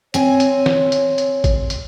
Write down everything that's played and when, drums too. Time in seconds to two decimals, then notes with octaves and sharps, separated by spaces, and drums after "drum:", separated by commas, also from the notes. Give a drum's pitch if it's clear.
0.14 C4 C#5 G#5, drum: hi-hat
0.40 drum: hi-hat
0.66 drum: snare
0.92 drum: hi-hat
1.18 drum: hi-hat
1.44 drum: kick G#1, hi-hat
1.70 drum: hi-hat